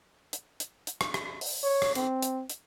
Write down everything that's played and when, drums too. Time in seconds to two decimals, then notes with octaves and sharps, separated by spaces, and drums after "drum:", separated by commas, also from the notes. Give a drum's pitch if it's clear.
0.33 drum: hi-hat
0.60 drum: hi-hat
0.87 drum: hi-hat
1.01 drum: rim click
1.14 drum: rim click
1.41 drum: open hi-hat
1.63 C#5
1.82 drum: rim click
1.95 C4, drum: hi-hat
2.22 drum: hi-hat
2.50 drum: hi-hat